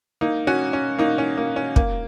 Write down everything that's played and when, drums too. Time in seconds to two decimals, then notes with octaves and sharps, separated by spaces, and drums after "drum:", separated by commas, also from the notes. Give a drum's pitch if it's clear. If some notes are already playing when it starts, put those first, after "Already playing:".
0.21 A#3 D#4
0.47 C#4 F#4
0.73 C#4
0.99 A#3 D#4
1.18 C#4
1.37 A#3
1.56 C#4
1.76 A#3, drum: kick